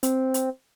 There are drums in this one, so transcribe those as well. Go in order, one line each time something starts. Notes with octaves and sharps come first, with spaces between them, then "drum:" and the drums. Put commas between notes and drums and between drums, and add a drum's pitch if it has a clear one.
C4, drum: hi-hat
drum: hi-hat